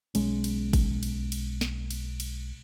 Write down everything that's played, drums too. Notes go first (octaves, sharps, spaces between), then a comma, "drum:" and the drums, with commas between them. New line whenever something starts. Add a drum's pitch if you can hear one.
B1 G#3 C#4, drum: cymbal
drum: cymbal
drum: kick, cymbal
drum: cymbal
drum: cymbal
drum: snare
drum: cymbal
drum: cymbal